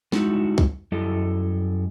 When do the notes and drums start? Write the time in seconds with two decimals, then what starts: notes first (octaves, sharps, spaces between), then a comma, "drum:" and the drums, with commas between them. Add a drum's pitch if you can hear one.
0.12 G3 G#3 D#4 E4 F#4, drum: snare
0.58 drum: kick
0.92 F#2 G3 E4 A4 D#5